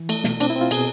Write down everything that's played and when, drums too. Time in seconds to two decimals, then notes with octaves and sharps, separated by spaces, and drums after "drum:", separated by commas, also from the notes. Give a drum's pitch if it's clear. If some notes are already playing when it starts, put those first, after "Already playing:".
Already playing: E3
0.09 A3, drum: cymbal
0.24 B2, drum: snare
0.40 C4 D4, drum: cymbal
0.50 E4
0.56 C4
0.61 F4
0.71 B2 G#4, drum: cymbal